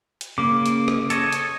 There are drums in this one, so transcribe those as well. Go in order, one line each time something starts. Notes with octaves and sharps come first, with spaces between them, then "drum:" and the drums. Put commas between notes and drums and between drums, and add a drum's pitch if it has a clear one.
drum: hi-hat
C#3 A#3 D6
drum: hi-hat
drum: rim click
A4 C#5 D#5, drum: hi-hat
drum: hi-hat